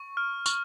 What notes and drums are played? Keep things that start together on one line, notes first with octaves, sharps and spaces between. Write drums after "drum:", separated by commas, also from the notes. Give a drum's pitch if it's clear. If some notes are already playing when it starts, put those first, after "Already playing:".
Already playing: C#6
F6
C#6, drum: tambourine